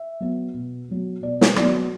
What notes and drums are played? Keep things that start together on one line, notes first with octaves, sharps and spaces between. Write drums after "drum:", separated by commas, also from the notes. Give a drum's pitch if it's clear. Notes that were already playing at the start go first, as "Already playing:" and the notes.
Already playing: E5
F#3 B3
B2
F#3 B3
B2 D5
drum: snare
F#3 B3 D5, drum: rim click